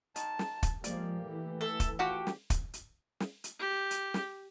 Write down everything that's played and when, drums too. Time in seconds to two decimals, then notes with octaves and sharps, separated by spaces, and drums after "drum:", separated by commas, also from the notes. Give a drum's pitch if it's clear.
0.16 D#3 A5, drum: hi-hat
0.39 drum: snare
0.63 drum: kick, hi-hat
0.84 F3 G#3 A#3 G4 D5, drum: hi-hat
1.25 E3 A3
1.61 A4 E5
1.80 drum: kick, hi-hat
1.99 F3 F#4 G4 F#5
2.27 drum: snare
2.50 drum: kick, hi-hat
2.74 drum: hi-hat
3.20 drum: snare
3.44 drum: hi-hat
3.60 G4
3.91 drum: hi-hat
4.14 drum: snare